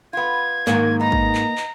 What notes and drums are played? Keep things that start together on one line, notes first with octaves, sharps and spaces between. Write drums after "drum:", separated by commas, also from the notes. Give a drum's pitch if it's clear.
B3 F4 G#6
G#2 D#3 A#3, drum: clap
B3 D#4 A#5
drum: kick
drum: clap
drum: clap